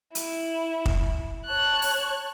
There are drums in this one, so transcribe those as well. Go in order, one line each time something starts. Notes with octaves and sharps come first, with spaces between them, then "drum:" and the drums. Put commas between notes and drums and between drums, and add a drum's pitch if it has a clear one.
E4, drum: hi-hat
drum: kick
C#5 A5 F#6
drum: open hi-hat